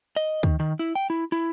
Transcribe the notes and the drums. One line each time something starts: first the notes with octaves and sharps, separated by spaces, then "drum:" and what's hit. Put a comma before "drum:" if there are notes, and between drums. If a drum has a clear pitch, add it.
D#5
D#3, drum: kick D2
D#3
E4
G5
E4
E4